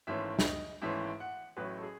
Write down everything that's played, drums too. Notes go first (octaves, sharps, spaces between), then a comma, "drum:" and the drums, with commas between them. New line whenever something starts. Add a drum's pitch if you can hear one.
G#1 G#2 E3 A3 C#4 E5
E5, drum: snare
D#5
G#1 G#2 E3 A3 C#4 E5
F#5
A1 A2 F#3 B4
A4
G#4